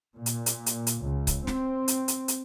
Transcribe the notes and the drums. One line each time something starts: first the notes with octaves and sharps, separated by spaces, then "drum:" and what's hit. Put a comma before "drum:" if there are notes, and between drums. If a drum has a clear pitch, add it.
A#2
drum: hi-hat
drum: hi-hat
drum: hi-hat
drum: hi-hat
C#2
drum: kick C#1, hi-hat
C4, drum: snare
drum: hi-hat
drum: hi-hat
drum: hi-hat